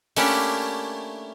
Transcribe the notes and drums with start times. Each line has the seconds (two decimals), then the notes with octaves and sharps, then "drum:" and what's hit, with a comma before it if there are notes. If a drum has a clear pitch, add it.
0.16 A3 A#3 C#4 D4 E4 G4, drum: open hi-hat